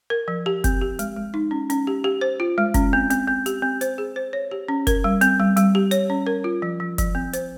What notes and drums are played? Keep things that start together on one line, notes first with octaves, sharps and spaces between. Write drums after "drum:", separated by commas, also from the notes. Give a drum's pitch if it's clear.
A#4
F3
G4
C4, drum: kick, hi-hat
G4
G#3, drum: hi-hat
G#3
D#4
C#4
C#4, drum: hi-hat
G4
G4
C5
F4
G#3
C#4, drum: kick, hi-hat
C4
C4, drum: hi-hat
C4
G4, drum: hi-hat
C4
C5, drum: hi-hat
G#4
C5
C#5
G4
C#4
A#4, drum: kick, hi-hat
G3
C4, drum: hi-hat
G3
G3, drum: hi-hat
G4
C#5, drum: hi-hat
C#4
A#4
F4
F3
F3
F3, drum: kick, hi-hat
C4
C5, drum: hi-hat